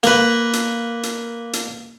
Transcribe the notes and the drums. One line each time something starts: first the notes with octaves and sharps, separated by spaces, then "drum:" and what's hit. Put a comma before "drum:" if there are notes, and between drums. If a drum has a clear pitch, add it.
A#3 B4, drum: hi-hat
drum: hi-hat
drum: hi-hat
drum: hi-hat